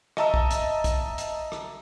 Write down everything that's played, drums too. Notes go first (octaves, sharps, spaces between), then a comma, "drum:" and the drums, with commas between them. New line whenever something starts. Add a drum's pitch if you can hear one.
D#5 E5 A5 A#5 E6, drum: rim click
drum: kick
drum: hi-hat
drum: kick, hi-hat
drum: hi-hat
drum: rim click